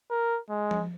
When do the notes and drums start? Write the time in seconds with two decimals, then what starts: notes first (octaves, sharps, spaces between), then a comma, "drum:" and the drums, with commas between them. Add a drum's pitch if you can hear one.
0.10 A#4
0.49 G#3
0.71 drum: tom F3